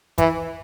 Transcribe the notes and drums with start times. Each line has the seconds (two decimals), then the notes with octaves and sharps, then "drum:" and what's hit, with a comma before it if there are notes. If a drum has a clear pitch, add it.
0.18 E3, drum: kick, hi-hat